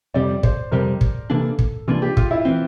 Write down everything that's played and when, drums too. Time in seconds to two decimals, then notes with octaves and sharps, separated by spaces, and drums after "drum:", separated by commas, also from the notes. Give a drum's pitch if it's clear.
0.14 F2 C3 G3 D5
0.43 C5, drum: kick
0.71 F2 C3 G3 A#4
1.01 drum: kick
1.30 C3 E3 A#3 D4 A4
1.59 drum: kick
1.88 C3 E3 A#3 D4 F4
2.02 G4
2.17 F4, drum: kick
2.31 E4
2.45 E3 A3 C4